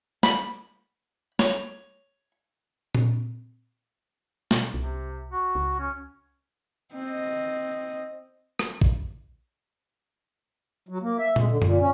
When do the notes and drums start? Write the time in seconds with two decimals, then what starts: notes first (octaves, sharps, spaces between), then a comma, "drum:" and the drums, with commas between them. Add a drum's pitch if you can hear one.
0.23 B5, drum: snare
1.39 C#5, drum: snare
2.95 drum: tom A#2
4.51 B2, drum: snare
4.74 C2 C3
5.31 F#4
5.55 C#2
5.80 C#4
6.93 C4 D#5
8.59 drum: rim click
8.81 drum: kick
10.89 F#3
11.02 A#3
11.19 E5
11.36 G#3, drum: tom A#2
11.48 D3
11.62 A#2, drum: tom F#2
11.79 C#4